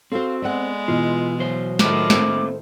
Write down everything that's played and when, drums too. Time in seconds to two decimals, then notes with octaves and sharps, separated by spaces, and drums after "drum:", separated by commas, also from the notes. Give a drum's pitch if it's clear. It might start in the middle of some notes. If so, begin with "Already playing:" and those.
0.12 C4 F#4 A4 C5 F5
0.42 G#3 B3 D5 E5 F#5
0.88 B2 E3 F4 E5
1.39 F#3 C5 E5
1.79 A2 D#3 F4 D6, drum: snare
2.10 A3 A#3 C4 A4 C5 F5, drum: snare